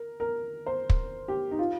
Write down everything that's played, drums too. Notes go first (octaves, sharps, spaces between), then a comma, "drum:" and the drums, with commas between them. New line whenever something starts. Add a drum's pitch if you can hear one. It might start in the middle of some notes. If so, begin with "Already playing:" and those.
Already playing: A#4
A#4
C5
drum: kick
G4
D#4
F4